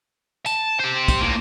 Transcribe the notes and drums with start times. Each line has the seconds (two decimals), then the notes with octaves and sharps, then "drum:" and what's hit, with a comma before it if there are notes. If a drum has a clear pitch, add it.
0.46 A5, drum: tambourine
0.79 G4 C5
1.08 drum: kick, tambourine
1.21 A2 A#3